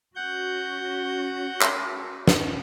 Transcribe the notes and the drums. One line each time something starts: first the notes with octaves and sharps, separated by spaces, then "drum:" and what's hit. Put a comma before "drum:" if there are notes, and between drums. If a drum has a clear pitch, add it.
C#4 F#4 F#5 G6
drum: clap
drum: snare